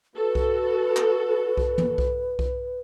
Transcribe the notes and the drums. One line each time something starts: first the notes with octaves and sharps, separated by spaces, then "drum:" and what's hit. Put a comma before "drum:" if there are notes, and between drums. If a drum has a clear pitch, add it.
F#4 A4 B4
drum: kick B1
drum: clap
drum: kick B1
drum: tom
drum: kick B1
drum: kick B1